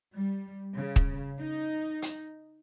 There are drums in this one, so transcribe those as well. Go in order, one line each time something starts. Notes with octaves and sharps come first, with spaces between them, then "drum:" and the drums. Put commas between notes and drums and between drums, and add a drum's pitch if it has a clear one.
G3
C#3
drum: kick
D#4
drum: hi-hat